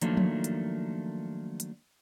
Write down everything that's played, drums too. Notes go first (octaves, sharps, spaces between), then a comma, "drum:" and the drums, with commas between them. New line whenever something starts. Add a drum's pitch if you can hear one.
D#3 F3 F#3 A3 A#3 D4, drum: hi-hat
drum: tom F3
drum: hi-hat
drum: hi-hat